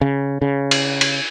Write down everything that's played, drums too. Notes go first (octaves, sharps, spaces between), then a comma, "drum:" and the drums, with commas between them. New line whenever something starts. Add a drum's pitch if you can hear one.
C#3
C#3
drum: cymbal
drum: cymbal